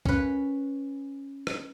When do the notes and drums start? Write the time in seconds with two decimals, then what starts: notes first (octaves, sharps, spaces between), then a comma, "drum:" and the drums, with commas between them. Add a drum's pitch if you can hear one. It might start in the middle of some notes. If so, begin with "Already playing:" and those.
0.05 C#4 B4, drum: kick
1.47 drum: rim click